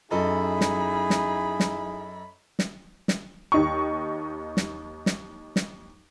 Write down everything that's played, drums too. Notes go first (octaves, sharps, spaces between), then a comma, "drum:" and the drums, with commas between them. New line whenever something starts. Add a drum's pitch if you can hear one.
F#2 D#4 E4 G#4 A4 D#5 B5
drum: snare
drum: snare
drum: snare
drum: snare
drum: snare
D#2 D#4 C#6
drum: snare
drum: snare
drum: snare